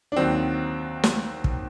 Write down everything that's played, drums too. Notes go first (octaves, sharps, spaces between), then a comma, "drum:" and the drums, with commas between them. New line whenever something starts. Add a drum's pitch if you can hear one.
D4
D#2 D#3 F#3 C4
drum: snare
drum: kick